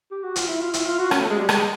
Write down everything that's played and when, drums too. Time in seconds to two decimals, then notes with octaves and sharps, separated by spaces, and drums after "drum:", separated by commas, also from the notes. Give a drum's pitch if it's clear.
0.11 G4
0.24 F#4
0.36 F4, drum: hi-hat
0.49 E4
0.61 F4
0.74 E4, drum: hi-hat
0.86 F4
0.99 F#4
1.11 C#4, drum: rim click
1.20 A3
1.30 G#3
1.39 G3
1.49 G#3, drum: rim click